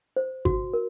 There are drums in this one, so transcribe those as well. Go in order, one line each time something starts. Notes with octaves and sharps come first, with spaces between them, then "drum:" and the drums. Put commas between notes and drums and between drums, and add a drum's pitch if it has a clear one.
C5
F#4, drum: kick G#1
A#4